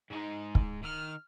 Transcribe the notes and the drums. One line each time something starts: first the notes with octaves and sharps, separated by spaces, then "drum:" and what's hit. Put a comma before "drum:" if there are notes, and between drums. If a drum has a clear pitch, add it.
G#2 G#3 D#4
drum: kick
D#3 F6